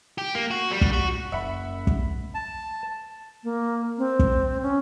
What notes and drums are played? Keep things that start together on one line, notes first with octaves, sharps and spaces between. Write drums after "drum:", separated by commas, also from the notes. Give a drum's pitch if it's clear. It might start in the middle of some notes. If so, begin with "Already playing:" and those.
G4
A#3
F#4
G3
drum: kick
F#4
F#1 E5 F#5 B5
drum: kick
A5
A#3
C4
drum: kick
C#4